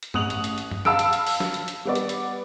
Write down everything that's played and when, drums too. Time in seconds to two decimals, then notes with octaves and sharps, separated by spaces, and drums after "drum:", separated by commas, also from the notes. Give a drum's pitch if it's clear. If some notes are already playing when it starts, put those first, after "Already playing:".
0.03 drum: hi-hat
0.14 A1 D#6 F#6 F7 F#7, drum: tom G2
0.30 drum: hi-hat
0.44 drum: hi-hat
0.58 drum: hi-hat
0.71 drum: tom G2
0.85 F5 A5 B5 E6 F6 D7, drum: snare
0.99 drum: hi-hat
1.13 drum: hi-hat
1.27 drum: open hi-hat
1.40 drum: snare
1.54 drum: hi-hat
1.68 drum: hi-hat
1.85 G3 B3 D5
1.95 drum: hi-hat
2.09 drum: hi-hat